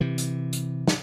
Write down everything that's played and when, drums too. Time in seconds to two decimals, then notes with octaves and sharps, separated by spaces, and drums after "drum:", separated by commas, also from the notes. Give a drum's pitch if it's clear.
0.01 C3 E3
0.18 drum: hi-hat
0.53 drum: hi-hat
0.88 drum: snare